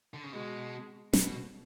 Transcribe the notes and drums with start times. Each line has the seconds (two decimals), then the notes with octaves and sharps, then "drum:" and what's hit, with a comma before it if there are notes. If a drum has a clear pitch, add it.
0.14 D3
0.23 C#3
0.33 B2 G#3
1.13 B2, drum: snare